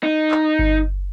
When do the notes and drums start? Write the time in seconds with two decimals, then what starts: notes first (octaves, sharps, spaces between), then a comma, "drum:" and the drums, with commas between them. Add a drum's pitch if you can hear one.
0.03 D#4
0.31 drum: clap
0.59 drum: kick G1